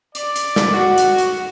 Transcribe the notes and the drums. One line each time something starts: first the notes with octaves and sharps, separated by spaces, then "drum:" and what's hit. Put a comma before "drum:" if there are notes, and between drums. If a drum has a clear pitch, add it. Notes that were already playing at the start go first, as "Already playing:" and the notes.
D5, drum: hi-hat
drum: hi-hat
drum: snare
F#4
drum: hi-hat
drum: hi-hat